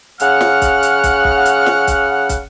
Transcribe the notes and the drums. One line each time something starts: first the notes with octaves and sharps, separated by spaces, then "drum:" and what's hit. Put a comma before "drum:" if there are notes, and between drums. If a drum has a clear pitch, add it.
C#3 F#5 F6, drum: hi-hat
drum: snare
drum: kick, hi-hat
drum: hi-hat
drum: kick, hi-hat
drum: kick
drum: hi-hat
drum: snare
drum: kick, hi-hat
drum: kick, hi-hat